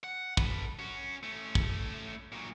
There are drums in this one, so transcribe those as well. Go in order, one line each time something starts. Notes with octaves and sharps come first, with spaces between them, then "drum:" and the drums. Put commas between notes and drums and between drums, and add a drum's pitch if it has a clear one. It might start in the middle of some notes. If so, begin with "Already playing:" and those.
F#5
A4 B4, drum: kick
C#4 F#4
A3 C#4
drum: kick
A#2 F#3